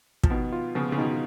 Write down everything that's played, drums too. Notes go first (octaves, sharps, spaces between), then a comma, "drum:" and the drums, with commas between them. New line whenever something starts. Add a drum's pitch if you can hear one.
F3, drum: kick
B2 D#3 B3
F4
C#3 F3 B3
C#3
B2 D#3 D#4